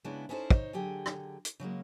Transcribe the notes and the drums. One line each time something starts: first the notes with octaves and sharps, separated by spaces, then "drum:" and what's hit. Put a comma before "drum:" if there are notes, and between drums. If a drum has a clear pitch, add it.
C#3 G#3 B3 D4 E4
B3 C#4 D#4 E4 A4 C5
D#4 C5 C#5, drum: kick
D3 F#3 G4 G#4
drum: rim click
drum: hi-hat
C#3 F#3 G#3 A#3